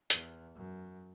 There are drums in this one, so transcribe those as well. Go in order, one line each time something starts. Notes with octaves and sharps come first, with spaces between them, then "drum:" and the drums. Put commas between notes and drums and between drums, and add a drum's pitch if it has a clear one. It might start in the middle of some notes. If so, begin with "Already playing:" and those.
E2, drum: hi-hat
F#2